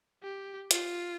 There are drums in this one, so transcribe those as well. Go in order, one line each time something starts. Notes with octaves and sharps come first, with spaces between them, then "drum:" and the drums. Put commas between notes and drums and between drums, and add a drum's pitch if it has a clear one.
G4
F4, drum: hi-hat